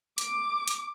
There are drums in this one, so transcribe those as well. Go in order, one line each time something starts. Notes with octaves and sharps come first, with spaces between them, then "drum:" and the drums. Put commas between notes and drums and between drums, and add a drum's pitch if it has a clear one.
D6, drum: hi-hat
drum: hi-hat